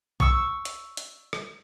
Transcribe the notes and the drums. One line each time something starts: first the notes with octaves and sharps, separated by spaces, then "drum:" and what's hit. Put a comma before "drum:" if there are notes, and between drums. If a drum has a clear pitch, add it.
C#6 E6, drum: kick
drum: hi-hat
drum: hi-hat
drum: rim click